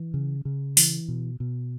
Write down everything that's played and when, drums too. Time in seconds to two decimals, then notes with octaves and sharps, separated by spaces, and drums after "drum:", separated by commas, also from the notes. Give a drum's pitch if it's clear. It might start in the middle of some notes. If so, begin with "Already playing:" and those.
Already playing: E3
0.14 C#3
0.45 C#3
0.77 E3, drum: open hi-hat
1.08 B2
1.40 B2